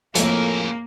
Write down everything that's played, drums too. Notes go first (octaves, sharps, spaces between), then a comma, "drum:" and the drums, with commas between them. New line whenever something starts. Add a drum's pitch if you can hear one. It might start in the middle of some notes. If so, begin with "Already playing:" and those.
F2 A2 C#3 A#3 A#4, drum: hi-hat